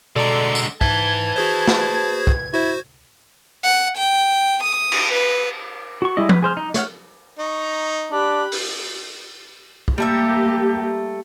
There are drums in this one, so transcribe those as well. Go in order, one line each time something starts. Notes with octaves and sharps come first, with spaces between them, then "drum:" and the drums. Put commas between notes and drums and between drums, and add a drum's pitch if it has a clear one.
B2 D3 G#3 A4 D5 A#5
drum: tambourine
G#2 B4 E5 A5 G#6, drum: kick
F#4 G#4 C5
drum: snare
drum: kick
E4 F#4 C5
F#5
G5
D#6
drum: cymbal
B4
F#4 C#6
G3 G#3 E4 D#5
B4, drum: tom F3
G#4 C5 F6
D#4
A3 C#5 F#5 F6, drum: hi-hat
D#4 A#5 C#6
D4 G4 B5 F#6
drum: open hi-hat
drum: kick
G3 A3 A#3 G4 E5